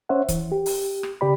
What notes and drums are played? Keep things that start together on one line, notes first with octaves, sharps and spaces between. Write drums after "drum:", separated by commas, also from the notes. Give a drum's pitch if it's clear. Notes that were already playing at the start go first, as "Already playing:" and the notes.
C#4 C5 C#5 E5 F#5
E3, drum: kick C#1, hi-hat
G4
drum: open hi-hat
drum: rim click
C#3 G4 D5 B5